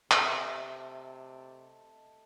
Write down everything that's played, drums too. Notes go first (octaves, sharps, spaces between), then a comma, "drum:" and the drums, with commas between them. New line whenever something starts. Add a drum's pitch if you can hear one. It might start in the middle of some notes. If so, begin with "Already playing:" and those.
C3 A3 A4 D#5, drum: clap